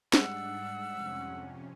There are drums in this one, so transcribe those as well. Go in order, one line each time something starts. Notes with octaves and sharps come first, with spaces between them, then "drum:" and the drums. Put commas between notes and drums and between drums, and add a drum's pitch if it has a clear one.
G#2 G3 G#3 D4 F#5 E6, drum: snare
F2 C3 C#4